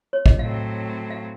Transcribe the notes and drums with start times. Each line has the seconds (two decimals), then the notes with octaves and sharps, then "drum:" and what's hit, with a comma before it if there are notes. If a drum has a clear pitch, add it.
0.13 C#5
0.26 D#5, drum: kick
0.39 A2 F#3 C4 F5
1.10 F5